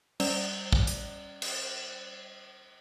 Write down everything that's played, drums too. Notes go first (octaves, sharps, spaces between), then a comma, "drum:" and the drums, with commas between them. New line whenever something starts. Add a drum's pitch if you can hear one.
G3 C#4 D5 G7, drum: cymbal
drum: kick
drum: hi-hat
drum: cymbal